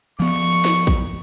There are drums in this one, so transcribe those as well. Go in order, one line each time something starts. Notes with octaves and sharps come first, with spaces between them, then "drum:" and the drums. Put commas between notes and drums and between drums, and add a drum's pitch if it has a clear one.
F3 B3 C#6
drum: snare D#4
drum: kick